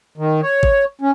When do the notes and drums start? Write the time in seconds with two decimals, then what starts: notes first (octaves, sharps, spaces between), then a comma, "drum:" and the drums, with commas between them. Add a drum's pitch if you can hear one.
0.18 D#3
0.42 C#5
0.63 drum: kick G#1
1.01 C#4